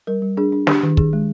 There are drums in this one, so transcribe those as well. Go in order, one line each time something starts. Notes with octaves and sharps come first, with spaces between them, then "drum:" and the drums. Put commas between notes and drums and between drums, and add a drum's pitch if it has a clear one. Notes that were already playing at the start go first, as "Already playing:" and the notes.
G3 A#4
G3
D4 G#4
D4
D4 G4, drum: snare
D#3
D#3 G#4, drum: kick
G#3